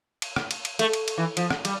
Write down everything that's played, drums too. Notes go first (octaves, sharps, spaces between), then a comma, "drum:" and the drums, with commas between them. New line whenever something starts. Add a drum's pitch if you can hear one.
drum: cymbal
drum: rim click
drum: cymbal
drum: cymbal
A3, drum: cymbal
drum: cymbal
drum: cymbal
E3
F3, drum: cymbal
drum: rim click
G3, drum: cymbal